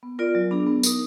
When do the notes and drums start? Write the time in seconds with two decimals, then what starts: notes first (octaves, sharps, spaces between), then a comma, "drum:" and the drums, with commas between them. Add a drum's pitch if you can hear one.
0.03 B3
0.19 F4 A#4 D5
0.35 F#3
0.51 B3 D4 G#4
0.67 B3
0.83 D#4 A#4, drum: tambourine